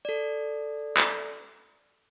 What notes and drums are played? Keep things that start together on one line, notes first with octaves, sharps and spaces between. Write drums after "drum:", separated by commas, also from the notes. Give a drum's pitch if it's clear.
A4 D5
drum: clap